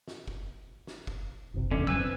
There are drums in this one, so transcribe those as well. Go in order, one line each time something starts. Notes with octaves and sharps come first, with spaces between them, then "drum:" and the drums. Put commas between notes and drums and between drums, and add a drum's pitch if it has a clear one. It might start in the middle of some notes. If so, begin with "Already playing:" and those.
drum: snare
drum: kick
drum: snare
drum: kick
F#1 B1 C3
E2 D3 C#4
G2 C#3 F#3 B4 G#5 E6, drum: kick
C4